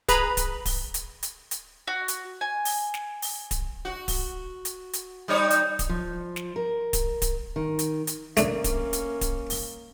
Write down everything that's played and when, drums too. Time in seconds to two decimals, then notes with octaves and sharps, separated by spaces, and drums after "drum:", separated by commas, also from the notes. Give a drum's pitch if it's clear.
0.08 G#4 B4 A#5 B5, drum: kick D1, hi-hat
0.37 drum: kick D1, hi-hat
0.66 drum: kick D1, open hi-hat
0.94 drum: hi-hat
1.23 drum: hi-hat
1.51 drum: hi-hat
1.87 F#4
2.08 drum: hi-hat
2.41 G#5
2.65 drum: open hi-hat
2.94 drum: snare
3.22 drum: open hi-hat
3.51 drum: kick D1, hi-hat
3.85 F#4
4.08 drum: kick D1, open hi-hat
4.65 drum: hi-hat
4.93 drum: hi-hat
5.28 G3 D#4 C#5
5.50 drum: hi-hat
5.79 drum: kick D1, hi-hat
5.89 F3
6.36 drum: snare
6.56 A#4
6.93 drum: kick D1, hi-hat
7.22 drum: kick D1, hi-hat
7.56 D#3
7.79 drum: hi-hat
8.07 drum: hi-hat
8.37 A3 A#3 C#4 D4, drum: hi-hat
8.64 drum: kick D1, hi-hat
8.93 drum: hi-hat
9.21 drum: kick D1, hi-hat
9.50 drum: open hi-hat